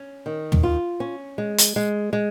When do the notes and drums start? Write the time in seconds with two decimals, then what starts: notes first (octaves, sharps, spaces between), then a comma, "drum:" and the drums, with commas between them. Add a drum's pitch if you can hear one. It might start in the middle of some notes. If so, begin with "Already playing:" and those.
Already playing: C#4
0.26 D#3
0.52 drum: tom
0.63 F4
1.00 C#4
1.38 G#3
1.58 drum: hi-hat
1.76 G#3
2.13 G#3